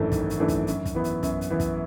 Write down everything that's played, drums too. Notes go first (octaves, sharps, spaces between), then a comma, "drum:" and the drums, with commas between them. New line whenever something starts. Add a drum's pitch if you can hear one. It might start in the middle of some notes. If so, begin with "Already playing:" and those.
Already playing: G#1 F#2 E3 A3 D4
G#1, drum: kick, hi-hat
drum: hi-hat
F#2 E3 A3 D4
drum: kick, hi-hat
F#2, drum: hi-hat
drum: kick, hi-hat
E3 B3 E4
drum: hi-hat
F#2, drum: kick, hi-hat
drum: hi-hat
E3 B3 E4
drum: kick, hi-hat